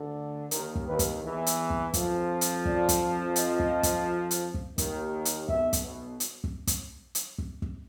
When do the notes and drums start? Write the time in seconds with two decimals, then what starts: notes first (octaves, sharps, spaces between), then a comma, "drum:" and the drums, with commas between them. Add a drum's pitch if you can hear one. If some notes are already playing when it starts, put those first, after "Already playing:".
Already playing: D2 D3
0.51 D#2 D#3 A#4, drum: hi-hat
0.75 drum: kick
0.87 D#2 D#3 B4
0.99 drum: kick, hi-hat
1.23 E2 E3
1.47 drum: hi-hat
1.70 drum: kick
1.94 F2 F3, drum: kick, hi-hat
2.41 drum: hi-hat
2.65 D5, drum: kick
2.89 drum: kick, hi-hat
3.36 D#5, drum: hi-hat
3.60 drum: kick
3.83 drum: kick, hi-hat
4.31 drum: hi-hat
4.54 drum: kick
4.78 D#2 D#3, drum: kick, hi-hat
5.25 drum: hi-hat
5.49 B1 B2 E5, drum: kick
5.73 drum: kick, hi-hat
5.85 B1 B2
6.20 drum: hi-hat
6.44 drum: kick
6.67 drum: kick, hi-hat
7.15 drum: hi-hat
7.38 drum: kick
7.62 drum: kick